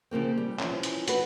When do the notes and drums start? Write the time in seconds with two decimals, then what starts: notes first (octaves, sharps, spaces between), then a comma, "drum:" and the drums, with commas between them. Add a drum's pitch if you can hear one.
0.11 C#3 F3 A#3 C4
0.38 G3
0.60 E3 F3 C#4, drum: clap
0.83 drum: hi-hat
1.08 F#4 B4, drum: hi-hat